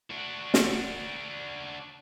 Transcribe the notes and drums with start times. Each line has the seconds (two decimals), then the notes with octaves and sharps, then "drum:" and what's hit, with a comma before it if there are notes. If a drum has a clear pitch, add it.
0.10 D4 F#4
0.54 drum: snare